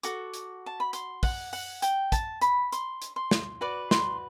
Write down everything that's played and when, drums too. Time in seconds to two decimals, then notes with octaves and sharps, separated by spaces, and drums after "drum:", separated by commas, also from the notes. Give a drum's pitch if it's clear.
0.03 F#4 A4 D6, drum: hi-hat
0.34 drum: hi-hat
0.66 A5
0.80 B5
0.93 C6, drum: hi-hat
1.23 F#5, drum: kick, open hi-hat
1.53 F#5, drum: open hi-hat
1.82 G5, drum: hi-hat
2.12 A5, drum: kick, hi-hat
2.41 B5, drum: hi-hat
2.72 C6, drum: hi-hat
3.02 drum: hi-hat
3.16 C6
3.31 drum: snare
3.61 F#4 B4 D5 D6
3.91 C6, drum: snare